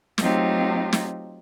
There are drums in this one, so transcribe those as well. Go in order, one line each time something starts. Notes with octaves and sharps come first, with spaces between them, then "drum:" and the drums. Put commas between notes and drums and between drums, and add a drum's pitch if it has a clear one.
F#3 A3 C4 D#4 F4 G4, drum: snare
drum: snare